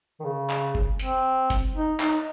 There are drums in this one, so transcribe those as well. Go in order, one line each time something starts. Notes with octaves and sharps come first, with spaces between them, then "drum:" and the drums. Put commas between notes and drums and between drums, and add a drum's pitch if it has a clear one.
D#3
C#3
drum: clap
drum: kick F#1
C4, drum: hi-hat
drum: kick F#1, hi-hat
D#4
D#4, drum: clap